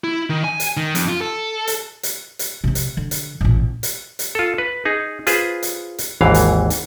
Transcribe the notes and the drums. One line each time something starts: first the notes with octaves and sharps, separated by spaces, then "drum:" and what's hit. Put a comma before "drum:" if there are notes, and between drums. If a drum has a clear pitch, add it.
E4
D#3
G#5
drum: hi-hat
D#3
F2, drum: hi-hat
F4
A4
drum: hi-hat
drum: hi-hat
drum: hi-hat
C3 C4
drum: hi-hat
D3
drum: hi-hat
A1 A#2
drum: hi-hat
drum: hi-hat
F4 A4
B4
D#4 G#4
F4 G#4 B4 C5, drum: hi-hat
drum: hi-hat
drum: hi-hat
G#1 D#2 G#2 E3 F5
drum: hi-hat
drum: hi-hat